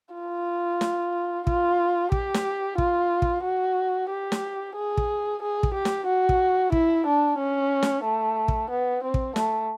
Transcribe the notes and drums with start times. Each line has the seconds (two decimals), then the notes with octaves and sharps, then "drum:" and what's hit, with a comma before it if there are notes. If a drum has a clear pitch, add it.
0.15 F4
0.81 drum: snare
1.47 F4, drum: kick
2.12 G4, drum: kick
2.34 drum: snare
2.78 F4, drum: kick
3.22 drum: kick
3.44 F#4
4.10 G4
4.32 drum: snare
4.76 G#4
4.97 drum: kick
5.42 G#4
5.63 drum: kick
5.74 G4
5.85 drum: snare
6.07 F#4
6.29 drum: kick
6.72 E4, drum: kick
7.06 D4
7.38 C#4
7.83 drum: snare
8.04 A3
8.48 drum: kick
8.70 B3
9.03 C4
9.14 drum: kick
9.36 A3, drum: snare